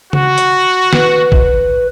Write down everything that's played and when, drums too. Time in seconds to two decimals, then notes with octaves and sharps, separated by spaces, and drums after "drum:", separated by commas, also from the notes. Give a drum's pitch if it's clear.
0.13 F#4, drum: tom C#3
0.38 drum: hi-hat
0.93 B4, drum: snare
1.32 drum: kick